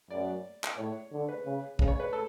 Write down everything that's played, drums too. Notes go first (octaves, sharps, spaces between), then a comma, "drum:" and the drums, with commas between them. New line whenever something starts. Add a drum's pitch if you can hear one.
F#2 D5
drum: clap
A2 C#5
D3
B4
C#3
C#3, drum: kick
C#5
B4
A4